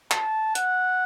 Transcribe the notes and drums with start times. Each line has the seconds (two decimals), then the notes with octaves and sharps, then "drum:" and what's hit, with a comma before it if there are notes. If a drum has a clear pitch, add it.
0.11 A5, drum: clap
0.55 F#5, drum: hi-hat